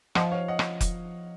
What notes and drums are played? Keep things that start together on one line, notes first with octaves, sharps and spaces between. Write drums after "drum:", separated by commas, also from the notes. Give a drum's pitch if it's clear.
F3 D#5 F#5, drum: rim click
C#5 F5
D#5 F#5
drum: rim click
drum: kick F1, hi-hat